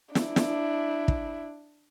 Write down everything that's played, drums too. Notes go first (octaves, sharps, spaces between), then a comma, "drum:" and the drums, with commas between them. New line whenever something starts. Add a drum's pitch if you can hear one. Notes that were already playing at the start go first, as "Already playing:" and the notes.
D4 E4, drum: snare
drum: snare
drum: kick